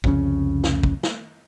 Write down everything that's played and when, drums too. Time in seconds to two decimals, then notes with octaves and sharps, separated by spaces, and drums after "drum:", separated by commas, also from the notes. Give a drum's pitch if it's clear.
0.04 C2 F2 C#3 C#4, drum: kick
0.64 drum: snare
0.83 drum: kick
1.03 drum: snare